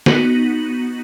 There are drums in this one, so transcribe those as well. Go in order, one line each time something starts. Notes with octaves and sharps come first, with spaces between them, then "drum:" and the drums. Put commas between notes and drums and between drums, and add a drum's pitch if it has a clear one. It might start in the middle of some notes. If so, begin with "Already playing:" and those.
B3 D#4 F#4, drum: snare